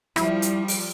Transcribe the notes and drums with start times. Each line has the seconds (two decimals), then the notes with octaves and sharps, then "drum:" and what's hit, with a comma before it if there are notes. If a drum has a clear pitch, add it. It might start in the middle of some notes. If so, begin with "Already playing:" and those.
0.16 F3 G3 E4, drum: rim click
0.42 drum: hi-hat
0.68 drum: open hi-hat